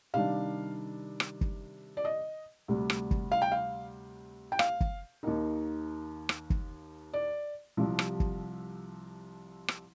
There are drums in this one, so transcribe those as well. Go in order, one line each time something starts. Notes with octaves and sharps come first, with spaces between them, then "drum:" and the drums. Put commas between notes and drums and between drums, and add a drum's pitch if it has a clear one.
C3 D#3 G3 D4 F5
drum: rim click
drum: kick
D5
D#5
D2 C3 G3
drum: rim click
drum: kick
F5
G5
F5
G5
F5, drum: rim click
drum: kick
D#2 D#3 A#3 D#4
drum: rim click
drum: kick
D5
C2 C3 F3
drum: rim click
drum: kick
drum: rim click